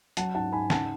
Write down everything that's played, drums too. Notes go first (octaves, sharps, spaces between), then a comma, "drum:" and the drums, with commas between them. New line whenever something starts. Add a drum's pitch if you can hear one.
F#3 F#5 A5, drum: hi-hat
G#2 F#5 A5
G#2 G#5 B5
C#3 F#5 A5, drum: snare